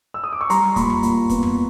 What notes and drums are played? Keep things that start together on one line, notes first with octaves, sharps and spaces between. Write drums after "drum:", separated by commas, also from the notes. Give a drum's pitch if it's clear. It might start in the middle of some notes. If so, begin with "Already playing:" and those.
E6
D#6
D6
C#6
G3 A#5 C6, drum: hi-hat
A#2 B5 C#6, drum: kick, hi-hat
drum: tom F2
A#2, drum: hi-hat
B3, drum: kick, hi-hat
drum: tom F2